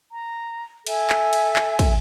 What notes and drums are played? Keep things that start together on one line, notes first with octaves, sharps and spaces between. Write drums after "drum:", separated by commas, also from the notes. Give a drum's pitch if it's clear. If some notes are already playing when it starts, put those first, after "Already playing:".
A#5
A4 E5 G#5, drum: cymbal
drum: clap
drum: cymbal
drum: clap
drum: kick, cymbal